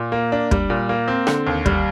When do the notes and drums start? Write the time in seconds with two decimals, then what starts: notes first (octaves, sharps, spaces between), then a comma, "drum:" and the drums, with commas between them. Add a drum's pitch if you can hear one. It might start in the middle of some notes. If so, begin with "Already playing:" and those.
Already playing: A#2
0.12 A#3
0.32 D4
0.51 G3, drum: kick
0.70 A#2
0.89 A#3
1.08 C4
1.27 D3, drum: rim click
1.47 D#2
1.66 G3, drum: kick